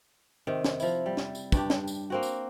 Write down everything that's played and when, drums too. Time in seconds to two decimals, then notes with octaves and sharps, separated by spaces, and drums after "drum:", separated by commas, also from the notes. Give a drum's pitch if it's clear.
0.47 C3 D#3
0.64 drum: snare
0.80 F3 E4, drum: tambourine
1.06 G3
1.17 drum: snare
1.35 drum: tambourine
1.52 G2 D4 G4, drum: kick, tambourine
1.70 drum: snare
1.88 drum: tambourine
2.10 A#3 C4 F#4
2.23 drum: tambourine